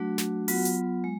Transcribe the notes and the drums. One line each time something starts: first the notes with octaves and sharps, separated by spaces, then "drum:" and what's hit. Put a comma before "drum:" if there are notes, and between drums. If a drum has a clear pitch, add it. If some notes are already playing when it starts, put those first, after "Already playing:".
Already playing: F#3 A3 D4 F#4
drum: snare
F#3 B3 F4 F#4 F#5, drum: open hi-hat
drum: hi-hat
G#3